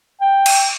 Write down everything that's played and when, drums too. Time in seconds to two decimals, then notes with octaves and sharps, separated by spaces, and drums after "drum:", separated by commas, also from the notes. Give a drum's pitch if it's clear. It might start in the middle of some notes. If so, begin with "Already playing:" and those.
0.21 G5
0.46 drum: cymbal